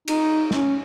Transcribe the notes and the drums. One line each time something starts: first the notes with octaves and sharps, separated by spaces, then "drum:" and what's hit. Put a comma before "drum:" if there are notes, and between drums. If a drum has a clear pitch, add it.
D#4, drum: cymbal
C#4, drum: snare